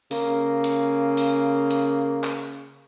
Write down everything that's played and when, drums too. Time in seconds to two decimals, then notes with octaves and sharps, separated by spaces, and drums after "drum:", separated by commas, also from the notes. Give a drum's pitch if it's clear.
0.11 C#3 A#3, drum: open hi-hat
0.64 drum: hi-hat
1.17 drum: open hi-hat
1.71 drum: hi-hat
2.24 drum: clap